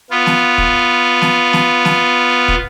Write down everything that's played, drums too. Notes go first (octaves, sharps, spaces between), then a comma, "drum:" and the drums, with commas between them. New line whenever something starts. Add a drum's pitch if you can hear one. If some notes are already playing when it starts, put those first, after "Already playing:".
B3 F4
drum: snare
drum: kick
drum: snare
drum: snare
drum: snare
drum: kick